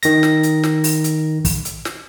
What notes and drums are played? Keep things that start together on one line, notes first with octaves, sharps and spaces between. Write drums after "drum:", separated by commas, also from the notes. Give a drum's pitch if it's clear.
D#3 A#6, drum: hi-hat
drum: snare
drum: hi-hat
drum: snare
drum: open hi-hat
drum: hi-hat
drum: kick, open hi-hat
drum: hi-hat
drum: snare